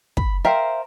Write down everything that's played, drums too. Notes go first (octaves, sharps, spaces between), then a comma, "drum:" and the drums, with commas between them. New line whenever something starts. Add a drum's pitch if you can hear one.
B5, drum: kick
A#4 C5 E5 F5 G5